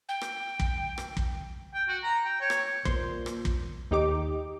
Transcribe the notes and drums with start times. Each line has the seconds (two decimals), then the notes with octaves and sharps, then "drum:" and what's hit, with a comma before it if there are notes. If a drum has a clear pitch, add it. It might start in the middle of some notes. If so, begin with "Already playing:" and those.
0.09 G5
0.21 drum: rim click
0.60 drum: kick
0.98 drum: rim click
1.17 drum: kick
1.74 G5
1.88 F#4
2.03 A#5
2.24 G5
2.41 C#5
2.50 drum: rim click
2.85 A#2 C5, drum: kick
3.26 drum: rim click
3.45 drum: kick
3.91 D#2 D#4 G4 D6